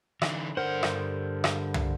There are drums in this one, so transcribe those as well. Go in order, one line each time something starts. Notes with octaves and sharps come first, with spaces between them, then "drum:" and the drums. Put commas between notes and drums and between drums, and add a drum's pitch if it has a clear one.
D3 E3, drum: rim click
G2 D3 A#4 C5 F#5
drum: rim click
drum: rim click
drum: tom